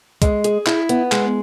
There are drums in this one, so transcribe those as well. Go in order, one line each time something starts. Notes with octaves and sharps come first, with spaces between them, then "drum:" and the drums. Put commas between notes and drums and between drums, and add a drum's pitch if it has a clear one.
G#3, drum: kick C2, hi-hat
G#4, drum: hi-hat
E4, drum: clap
B3, drum: hi-hat
G#3, drum: clap